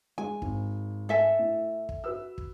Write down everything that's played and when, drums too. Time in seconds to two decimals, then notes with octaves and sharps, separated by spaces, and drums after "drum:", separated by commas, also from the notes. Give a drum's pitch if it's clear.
0.18 G#3 G#5
0.42 G#1, drum: kick
1.09 A4 E5 G#5
1.39 A2
1.89 drum: kick
2.04 F#4 B4 E6
2.38 drum: kick